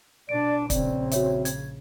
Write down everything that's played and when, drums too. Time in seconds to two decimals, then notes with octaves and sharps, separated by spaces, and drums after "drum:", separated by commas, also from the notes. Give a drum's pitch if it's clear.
0.29 B2 D4 D5 D7
0.70 A#1 C#3 C4 D5, drum: kick, hi-hat
1.11 F#4 C#5 E5, drum: hi-hat
1.45 G#6, drum: hi-hat